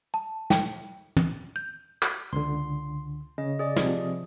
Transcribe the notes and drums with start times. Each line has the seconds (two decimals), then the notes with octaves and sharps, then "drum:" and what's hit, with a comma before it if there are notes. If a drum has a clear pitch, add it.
0.14 A5
0.50 G5, drum: snare
1.17 drum: tom
1.56 G6
2.02 drum: clap
2.33 C#2 D3 C6
3.38 C#3 D#5
3.59 G#4 D5 D#5
3.76 C3 F3, drum: snare